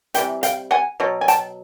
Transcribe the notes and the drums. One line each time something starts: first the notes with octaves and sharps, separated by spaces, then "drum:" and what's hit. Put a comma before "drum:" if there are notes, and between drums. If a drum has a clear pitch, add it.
C3 E3 G3 G5, drum: hi-hat
F5 G5, drum: hi-hat
F#5 G#5
B2 F#3
G#5
G5 A5, drum: hi-hat